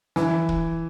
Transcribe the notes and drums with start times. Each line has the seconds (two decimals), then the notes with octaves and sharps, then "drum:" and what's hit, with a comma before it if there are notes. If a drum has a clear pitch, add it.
0.16 E3, drum: snare
0.49 drum: kick